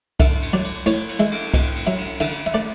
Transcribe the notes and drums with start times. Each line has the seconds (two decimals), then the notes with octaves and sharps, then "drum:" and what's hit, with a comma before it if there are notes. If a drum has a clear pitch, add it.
0.20 D3 E5, drum: kick C2, cymbal
0.42 drum: cymbal
0.53 F#3 D5
0.64 drum: cymbal
0.86 A2 C#5, drum: cymbal
1.09 drum: cymbal
1.20 G#3 E5
1.31 drum: cymbal
1.54 B2, drum: kick C2, cymbal
1.76 drum: cymbal
1.87 F#3 E5
1.98 drum: cymbal
2.20 D3 E5, drum: cymbal
2.46 E5
2.54 A3 D5